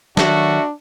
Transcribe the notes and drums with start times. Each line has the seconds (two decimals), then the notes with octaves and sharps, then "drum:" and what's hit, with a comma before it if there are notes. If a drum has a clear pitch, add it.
0.17 D#3 F#3 A3 D4 F#4 E5, drum: snare